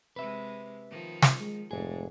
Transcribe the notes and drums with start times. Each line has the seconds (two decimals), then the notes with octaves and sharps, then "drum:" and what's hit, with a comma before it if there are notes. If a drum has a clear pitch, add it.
0.16 C3 G#3 B4 E5
0.90 D#3 F3
1.22 drum: snare
1.40 G#3
1.71 F1 G#2 G#4